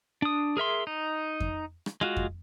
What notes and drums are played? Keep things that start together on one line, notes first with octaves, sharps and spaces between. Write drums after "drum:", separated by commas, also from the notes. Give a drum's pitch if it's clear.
D4 D#6
G#4 A#4 E5 C6
D#4
drum: kick F2
drum: rim click
G#3 F4 F#4
drum: kick F2